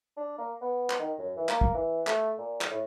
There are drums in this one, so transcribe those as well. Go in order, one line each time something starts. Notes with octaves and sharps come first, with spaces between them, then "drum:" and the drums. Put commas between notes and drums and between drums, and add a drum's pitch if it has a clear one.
D4
A#3
B3
drum: clap
D#3
F#2
E3
A#3, drum: clap
drum: kick
E3
A3, drum: clap
A#2
drum: clap
A2